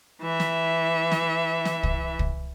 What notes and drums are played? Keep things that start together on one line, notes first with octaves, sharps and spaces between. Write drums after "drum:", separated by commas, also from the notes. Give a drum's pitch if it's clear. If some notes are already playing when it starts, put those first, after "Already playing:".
E3 E5
drum: snare
drum: snare
drum: snare
drum: kick
drum: kick